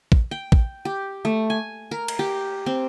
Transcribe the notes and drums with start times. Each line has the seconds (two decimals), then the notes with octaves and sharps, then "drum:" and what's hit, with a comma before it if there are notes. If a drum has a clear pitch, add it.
0.12 drum: kick
0.31 G5
0.52 drum: kick
0.85 G4
1.25 A3
1.50 G#5
1.91 A#4
2.08 drum: cymbal
2.19 G4
2.66 C4